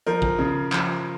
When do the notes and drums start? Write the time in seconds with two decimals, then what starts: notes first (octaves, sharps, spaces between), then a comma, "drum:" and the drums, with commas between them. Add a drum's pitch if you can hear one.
0.07 F3 A#4
0.22 drum: kick
0.39 C#3
0.72 F3, drum: clap